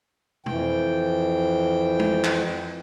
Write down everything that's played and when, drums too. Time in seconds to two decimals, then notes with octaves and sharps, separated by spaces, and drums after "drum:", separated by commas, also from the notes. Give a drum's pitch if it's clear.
0.46 F2 E3 G5, drum: tom B2
2.00 drum: tom
2.24 drum: clap